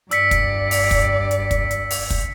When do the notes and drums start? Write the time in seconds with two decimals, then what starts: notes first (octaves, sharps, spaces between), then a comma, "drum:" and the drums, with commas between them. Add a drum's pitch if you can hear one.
0.11 G2 D5 E6 B6 C#7, drum: hi-hat
0.31 drum: kick, hi-hat
0.71 drum: open hi-hat
0.91 drum: kick, hi-hat
1.31 drum: hi-hat
1.51 drum: kick, hi-hat
1.71 drum: hi-hat
1.90 drum: open hi-hat
2.10 drum: kick, hi-hat